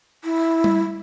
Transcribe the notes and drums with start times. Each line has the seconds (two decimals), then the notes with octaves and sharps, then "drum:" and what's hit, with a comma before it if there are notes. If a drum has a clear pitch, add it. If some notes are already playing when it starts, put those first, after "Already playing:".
0.24 E4
0.64 drum: tom G3